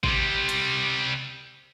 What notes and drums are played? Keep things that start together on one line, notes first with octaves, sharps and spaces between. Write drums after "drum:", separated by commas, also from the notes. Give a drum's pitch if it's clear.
C3 G3, drum: kick
drum: hi-hat